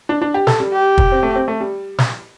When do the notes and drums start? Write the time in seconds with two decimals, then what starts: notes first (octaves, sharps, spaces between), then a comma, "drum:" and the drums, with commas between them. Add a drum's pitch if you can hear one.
0.09 D4
0.22 D4
0.34 G4
0.47 A4, drum: snare
0.60 G3
0.73 G4
0.98 drum: kick
1.12 C4
1.23 A3
1.36 C4
1.48 A3
1.61 G3
1.98 drum: snare